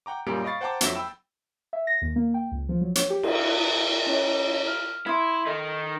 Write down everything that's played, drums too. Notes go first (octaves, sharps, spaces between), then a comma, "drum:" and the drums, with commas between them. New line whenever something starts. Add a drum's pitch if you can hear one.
F#5 G5 A#5 D6
F#2 A#2 G3 A#3 G4 D7
D#5 F5 B5 C#6 A6 C7
C5 F#5 G5 A5 A#5 D6
F2 F#3 E5 D6 A#6, drum: hi-hat
G5 B5 E6 E7
E5
A#6
D#2
A#3
G5
C#2
F3
F#3
C#5, drum: hi-hat
G4
drum: cymbal
C#4 C#5 D#5
F6
E4 C6 D#6 G#6
D#3 D#4 A4